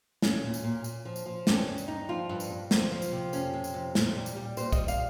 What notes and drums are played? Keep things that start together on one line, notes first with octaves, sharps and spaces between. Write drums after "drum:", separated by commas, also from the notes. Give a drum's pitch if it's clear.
A#2 C#4, drum: snare
A#2
drum: tambourine
A#2
A#2, drum: tambourine
F3
drum: tambourine
F3
G2 C#4, drum: snare
G2 C#4
drum: tambourine
G2 D#4
F3 F4
G2
drum: tambourine
G2
F3, drum: snare
F3
drum: tambourine
C3
F2 C#4, drum: tambourine
C3
drum: tambourine
F2
A#2, drum: snare
G3
drum: tambourine
G3
A#2 C5, drum: tambourine
D#5, drum: kick, tambourine
G3
F5, drum: tambourine